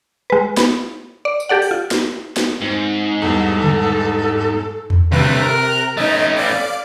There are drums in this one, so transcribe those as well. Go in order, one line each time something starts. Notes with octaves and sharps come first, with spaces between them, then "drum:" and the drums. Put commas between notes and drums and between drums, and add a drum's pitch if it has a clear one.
G#3 B4
B3, drum: snare
D5
drum: tambourine
G4 A4 D5 F#5
drum: open hi-hat
F4
drum: snare
drum: snare
G#2 C4
E2 G2 A4
drum: tom C#3
drum: tom
G2 C3 A3 F#6, drum: tom D3
A#4
A3 C#4 D#4 D#5
D5 F5 D7